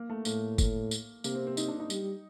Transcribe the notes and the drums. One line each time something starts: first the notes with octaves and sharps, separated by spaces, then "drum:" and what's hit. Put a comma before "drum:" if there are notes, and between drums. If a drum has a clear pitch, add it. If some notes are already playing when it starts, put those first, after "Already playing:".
Already playing: A#3
A3
A2 A#3, drum: tambourine
drum: kick, tambourine
drum: tambourine
C3 A#3, drum: tambourine
C4
C4
D#4, drum: tambourine
D4
D#4
G3, drum: tambourine